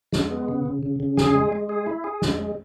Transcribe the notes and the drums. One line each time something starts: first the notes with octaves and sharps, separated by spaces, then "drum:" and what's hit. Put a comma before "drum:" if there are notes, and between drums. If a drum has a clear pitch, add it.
G#3, drum: snare
B3
C#3
C#3
C#3
C#3
G#4, drum: snare
G#3
G#3
G#4
E4
G#4
G#3, drum: snare
G#3